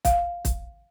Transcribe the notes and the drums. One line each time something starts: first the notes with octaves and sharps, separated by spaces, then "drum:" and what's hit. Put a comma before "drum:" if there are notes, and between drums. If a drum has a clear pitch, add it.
F5, drum: kick, hi-hat
drum: kick, hi-hat